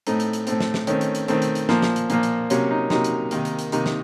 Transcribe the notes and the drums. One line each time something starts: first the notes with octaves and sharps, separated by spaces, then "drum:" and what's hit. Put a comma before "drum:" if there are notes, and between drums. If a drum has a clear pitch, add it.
A2 A3 C4 D#4, drum: hi-hat
drum: hi-hat
drum: hi-hat
A2 A3 C4, drum: hi-hat
drum: snare
drum: snare
D#3 A3 C4 C#4, drum: hi-hat
drum: hi-hat
drum: hi-hat
D#3 A3 C4, drum: hi-hat
drum: hi-hat
drum: hi-hat
A#2 F3 A#3, drum: snare
drum: snare
drum: hi-hat
A#2 F3 A#3, drum: hi-hat
drum: hi-hat
C3 F#3 A#3 C#4, drum: hi-hat
D#4
C3 F#3 A#3 D#4, drum: snare
drum: hi-hat
C3 D#3 A#3, drum: hi-hat
drum: hi-hat
drum: hi-hat
C3 D#3 A#3 D#4, drum: hi-hat
drum: snare